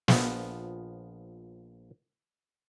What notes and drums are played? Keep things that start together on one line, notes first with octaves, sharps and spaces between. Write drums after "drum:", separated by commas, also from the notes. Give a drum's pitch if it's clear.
A#1 F3 B3, drum: snare